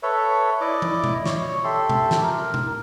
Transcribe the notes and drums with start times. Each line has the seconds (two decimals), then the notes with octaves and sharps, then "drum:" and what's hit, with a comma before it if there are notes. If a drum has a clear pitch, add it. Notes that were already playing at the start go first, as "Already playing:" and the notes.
0.03 A4 B4 C#5 E5
0.61 E4 D5 D#5 D6
0.82 drum: tom
1.04 drum: tom B2
1.26 C#5, drum: snare
1.64 G4 A4 E5 C6
1.90 drum: tom B2
2.11 drum: snare
2.22 A#4
2.54 drum: tom B2